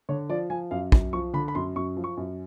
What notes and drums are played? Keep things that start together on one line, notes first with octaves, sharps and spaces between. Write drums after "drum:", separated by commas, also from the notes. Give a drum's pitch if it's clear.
D3 C#5
F3 D5
F3 G#5
F#2 F5
F#2, drum: kick
F3 C#6
D3 B5
B5
F#2 C6
F#2 C#6
F3
C#6
F#2